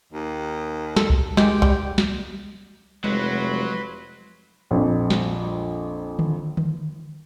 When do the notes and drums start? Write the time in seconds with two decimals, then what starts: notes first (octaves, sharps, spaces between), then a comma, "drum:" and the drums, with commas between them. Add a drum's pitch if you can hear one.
0.13 D#2
0.96 A4, drum: snare
1.10 drum: kick C2
1.37 D#3 G#3 G4, drum: snare
1.62 G3, drum: kick C2
1.98 drum: snare
3.04 F1 F#3 G#3 B4 B5 C6
4.71 A#1 F2
5.10 drum: snare
6.19 drum: tom D3
6.57 drum: tom D3